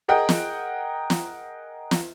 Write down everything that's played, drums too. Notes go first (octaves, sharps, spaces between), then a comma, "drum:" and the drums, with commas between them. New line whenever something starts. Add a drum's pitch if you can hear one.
G#4 A#4 D#5 F#5 G5
drum: snare
drum: snare
drum: snare